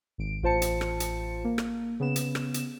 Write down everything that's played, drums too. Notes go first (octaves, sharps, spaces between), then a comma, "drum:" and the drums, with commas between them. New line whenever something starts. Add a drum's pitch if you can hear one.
G#1 D7
A1 F4 C5 A5 C#7
drum: hi-hat
drum: rim click
drum: hi-hat
A#3
drum: rim click
C#3 B3 E7
drum: hi-hat
drum: rim click
drum: hi-hat